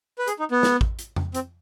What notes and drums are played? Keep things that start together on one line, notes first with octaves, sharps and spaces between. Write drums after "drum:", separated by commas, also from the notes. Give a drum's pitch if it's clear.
B4
G#4, drum: hi-hat
D#4
B3
drum: snare
drum: kick
drum: hi-hat
drum: tom F2
C4, drum: hi-hat